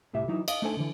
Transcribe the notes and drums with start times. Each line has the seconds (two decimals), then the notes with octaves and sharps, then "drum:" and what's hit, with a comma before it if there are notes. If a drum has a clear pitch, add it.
0.13 C2 A2 G4 E5
0.28 E3 F#3 D#4 E4
0.48 D#5 F5, drum: cymbal
0.62 A3 D4 D#4 A4 C5 G#5
0.77 D3 E3